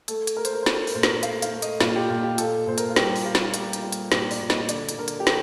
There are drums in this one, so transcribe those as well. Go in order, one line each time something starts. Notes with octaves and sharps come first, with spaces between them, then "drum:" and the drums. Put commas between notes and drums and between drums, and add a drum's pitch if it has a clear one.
A3 A4, drum: hi-hat
drum: hi-hat
A3 A#4
C5, drum: hi-hat
A#4
C5
A3 A#4, drum: snare
C5
A#4, drum: open hi-hat
A#2 C5
A#4, drum: snare
A3 F5, drum: hi-hat
F5, drum: hi-hat
A3
D#5, drum: hi-hat
A#2 F4, drum: snare
G4
A#2 F4
G4
A#2 A4, drum: hi-hat
A#2 C5
A#4, drum: hi-hat
F4
G3 G4, drum: snare
drum: open hi-hat
G3 F4
drum: snare
F4
G3 G4, drum: hi-hat
drum: hi-hat
G3
drum: hi-hat
A#2 G4, drum: snare
D5, drum: open hi-hat
A#2
D#5, drum: snare
D3 D5, drum: hi-hat
drum: hi-hat
D3 A#4
drum: hi-hat
G4
A4, drum: snare